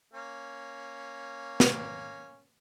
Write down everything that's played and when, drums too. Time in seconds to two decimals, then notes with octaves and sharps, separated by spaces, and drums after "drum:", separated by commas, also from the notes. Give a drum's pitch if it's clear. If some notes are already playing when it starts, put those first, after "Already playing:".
0.14 A#3 C#4
1.60 drum: snare